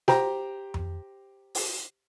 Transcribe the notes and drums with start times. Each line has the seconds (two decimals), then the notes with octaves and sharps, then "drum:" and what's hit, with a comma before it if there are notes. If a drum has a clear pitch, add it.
0.08 G4 C5 G5 A#5, drum: snare
0.74 drum: tom F2
1.55 drum: open hi-hat